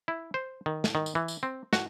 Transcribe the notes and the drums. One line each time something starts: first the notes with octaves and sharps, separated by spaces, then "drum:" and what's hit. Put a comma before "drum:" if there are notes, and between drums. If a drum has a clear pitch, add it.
E4
C5
D#3
drum: snare
D#3
drum: tambourine
E3
drum: tambourine
C4
F#4, drum: snare